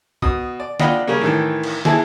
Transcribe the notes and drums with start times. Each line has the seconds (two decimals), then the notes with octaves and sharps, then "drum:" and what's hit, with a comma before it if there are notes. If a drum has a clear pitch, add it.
0.22 B2 D#6, drum: kick
0.60 D5
0.80 D4 F4 D#5 F#5 G5 B5, drum: snare
1.07 C#3 G3 A#3
1.21 A2 D#3 E3
1.64 drum: cymbal
1.85 E3 E4 G#4 A5, drum: snare